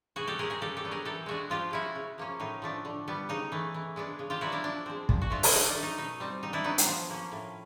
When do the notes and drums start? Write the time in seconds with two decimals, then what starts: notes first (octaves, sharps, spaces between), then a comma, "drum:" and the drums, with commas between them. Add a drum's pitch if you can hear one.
0.16 B2 F#4 G#4
0.27 G4 A4
0.38 G#3 C#4 G#4 A#4
0.50 F#4 G#4
0.61 C#3 G4 A4
0.77 G4 A4
0.84 F#3 B3 D4
0.91 G#4 A#4
1.05 E3 G4 A4
1.26 G#3 B3 D4 F#4 G#4
1.50 F3 F4 G4
1.71 G#3 C#4 E4 F#4
1.95 C#3
2.18 F3 A#3 C#4
2.40 A2 D#4
2.62 F3 A3 D4
2.85 D3
3.08 G3 B3
3.29 C#3 D#4
3.52 E3 A3
3.74 E3
3.96 G#3 B3 D4
4.19 C#3
4.30 F4 G4
4.41 F#3 B3 D4 E4 F#4
4.52 D4 E4
4.64 F3 D4
4.86 G#3 C4
5.09 A#2, drum: kick
5.21 F#4
5.30 F3 A3 D4 F4
5.43 E4, drum: open hi-hat
5.53 C#3 D#4
5.68 D4
5.75 F#3 A3
5.83 D#4
5.98 B2 D#4
6.20 G3 C4
6.43 A#2 D#4
6.53 D4 E4
6.64 F#3 B3 D4 D#4
6.78 drum: hi-hat
6.87 F3
7.10 A#3 C#4
7.32 A2